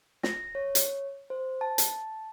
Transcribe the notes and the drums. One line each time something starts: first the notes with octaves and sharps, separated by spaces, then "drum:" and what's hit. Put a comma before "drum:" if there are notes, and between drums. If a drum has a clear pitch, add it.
A#6, drum: snare
C#5
drum: hi-hat
C5
A5
drum: hi-hat